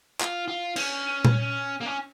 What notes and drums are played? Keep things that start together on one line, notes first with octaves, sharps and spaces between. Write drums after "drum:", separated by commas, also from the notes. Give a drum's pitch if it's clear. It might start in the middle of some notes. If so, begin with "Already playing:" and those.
F4, drum: clap
F4
C#4, drum: cymbal
drum: tom A#2
A#3
C#4